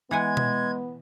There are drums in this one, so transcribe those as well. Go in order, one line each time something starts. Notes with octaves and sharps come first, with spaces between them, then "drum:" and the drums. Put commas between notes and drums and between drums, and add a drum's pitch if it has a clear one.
E3 G#3 B3 F#5 G#5 G#6
drum: tom B2